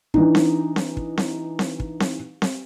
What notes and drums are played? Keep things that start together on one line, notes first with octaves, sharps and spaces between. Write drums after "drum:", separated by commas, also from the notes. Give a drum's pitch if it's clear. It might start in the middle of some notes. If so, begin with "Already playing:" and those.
E3 D4 D#4, drum: kick
drum: snare C4
drum: snare C4
drum: kick
drum: snare C4
drum: snare C4
drum: kick
drum: snare C4
drum: snare C4